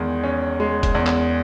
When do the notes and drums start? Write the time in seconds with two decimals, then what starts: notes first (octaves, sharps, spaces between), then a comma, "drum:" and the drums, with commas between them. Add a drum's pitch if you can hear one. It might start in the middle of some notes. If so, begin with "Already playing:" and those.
Already playing: E2 D#3 G#3
0.23 C#4
0.60 G#3
0.83 drum: kick F1, hi-hat
0.95 E2
1.07 drum: clap